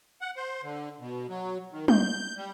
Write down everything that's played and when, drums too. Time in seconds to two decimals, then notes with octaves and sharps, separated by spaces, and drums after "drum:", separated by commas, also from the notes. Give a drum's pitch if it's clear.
0.21 F#5
0.37 C5
0.63 D3
1.00 B2
1.29 F#3
1.72 D#3
1.88 G6, drum: tom
2.37 G3